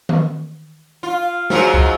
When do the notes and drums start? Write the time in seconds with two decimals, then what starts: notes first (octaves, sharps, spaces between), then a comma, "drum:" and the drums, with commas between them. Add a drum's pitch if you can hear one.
0.09 drum: tom D#3
1.03 F4
1.50 G#2 F3 F#3, drum: snare
1.74 drum: kick